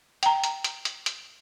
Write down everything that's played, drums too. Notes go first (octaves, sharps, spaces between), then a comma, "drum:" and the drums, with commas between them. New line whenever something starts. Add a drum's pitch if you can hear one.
G5 A#5, drum: hi-hat
drum: hi-hat
drum: hi-hat
drum: hi-hat
drum: hi-hat